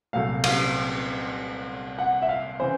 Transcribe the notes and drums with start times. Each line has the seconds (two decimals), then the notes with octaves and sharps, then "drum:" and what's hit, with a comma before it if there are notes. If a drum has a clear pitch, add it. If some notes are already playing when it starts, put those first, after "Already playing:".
0.13 C2 A#2 F#3 A3 F5
0.44 F5, drum: cymbal
1.99 F#5
2.22 E5
2.29 F5
2.60 C#3 E3 C5